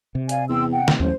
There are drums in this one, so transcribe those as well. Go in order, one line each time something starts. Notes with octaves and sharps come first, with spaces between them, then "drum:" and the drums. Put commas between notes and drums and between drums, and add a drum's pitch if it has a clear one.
C3
D5 F5 G#5, drum: hi-hat
E2 G5 C6 E6
F#5 G5
drum: snare
A1 D#2 F#3 C5